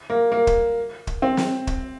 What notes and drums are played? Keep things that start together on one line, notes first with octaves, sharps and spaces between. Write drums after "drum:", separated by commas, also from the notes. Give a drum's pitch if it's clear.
A#3
A#3
drum: kick
drum: kick
C4
drum: snare
drum: kick